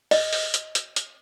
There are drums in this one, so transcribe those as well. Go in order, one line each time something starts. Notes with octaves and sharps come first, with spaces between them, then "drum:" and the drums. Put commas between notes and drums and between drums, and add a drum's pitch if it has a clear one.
D#5, drum: open hi-hat
drum: open hi-hat
drum: hi-hat
drum: hi-hat
drum: hi-hat